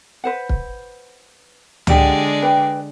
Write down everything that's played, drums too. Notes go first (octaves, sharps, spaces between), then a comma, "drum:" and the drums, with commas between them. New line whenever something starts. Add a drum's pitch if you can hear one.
B4 C5 F#5
drum: kick
D3 G#3 G4 D5 F#5, drum: tom C#2
B4 G5